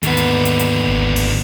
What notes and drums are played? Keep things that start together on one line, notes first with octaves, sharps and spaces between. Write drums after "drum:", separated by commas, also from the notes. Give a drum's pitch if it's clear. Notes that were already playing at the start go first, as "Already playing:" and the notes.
D#2 G#2 D3 B3, drum: hi-hat
drum: hi-hat
drum: hi-hat
drum: hi-hat
drum: kick G#1
drum: open hi-hat